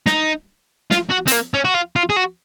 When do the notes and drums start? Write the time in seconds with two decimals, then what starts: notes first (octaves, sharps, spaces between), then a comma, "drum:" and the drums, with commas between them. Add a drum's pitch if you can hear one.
0.07 D#4, drum: snare
0.91 F4, drum: snare
1.11 F#4
1.28 C4, drum: hi-hat
1.32 A#3
1.54 C#4
1.65 F#4
1.74 F4
1.96 F4
2.10 G#4
2.16 F#4